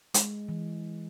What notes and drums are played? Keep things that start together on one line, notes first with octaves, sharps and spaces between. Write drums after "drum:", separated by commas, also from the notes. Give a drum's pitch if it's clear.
G#3, drum: hi-hat
E3